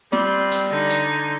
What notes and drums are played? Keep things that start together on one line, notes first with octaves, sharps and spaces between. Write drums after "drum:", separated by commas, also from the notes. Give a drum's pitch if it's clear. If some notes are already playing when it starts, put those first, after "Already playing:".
G3 C4 F4, drum: snare
drum: hi-hat
D3 D#4
drum: hi-hat